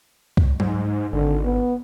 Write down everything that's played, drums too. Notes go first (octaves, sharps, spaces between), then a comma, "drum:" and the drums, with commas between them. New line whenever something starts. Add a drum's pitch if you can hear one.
drum: kick C2
G#2, drum: tom F#3
G#1 D3
B3